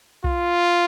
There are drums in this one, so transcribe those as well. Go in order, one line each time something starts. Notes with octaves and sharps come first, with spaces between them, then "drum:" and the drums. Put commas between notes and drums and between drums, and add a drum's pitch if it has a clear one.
F4, drum: kick B1